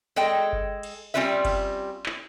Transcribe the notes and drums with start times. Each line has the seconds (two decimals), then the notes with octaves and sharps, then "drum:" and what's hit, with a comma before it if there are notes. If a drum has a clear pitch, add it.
0.16 G#3 A4 D#5 G5
0.53 drum: kick G1
0.83 drum: cymbal
1.14 G3 C4 C#4 F4 B4 E5
1.45 drum: kick G1, cymbal
2.06 drum: clap